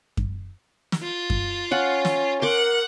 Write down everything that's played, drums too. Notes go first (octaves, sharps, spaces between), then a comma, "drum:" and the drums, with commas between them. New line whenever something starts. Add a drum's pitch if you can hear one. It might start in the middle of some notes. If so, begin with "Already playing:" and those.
drum: kick F#2
drum: snare
F4
drum: kick F#2
C#4 F5 F#5
drum: snare
A#4 F#5 C6 D6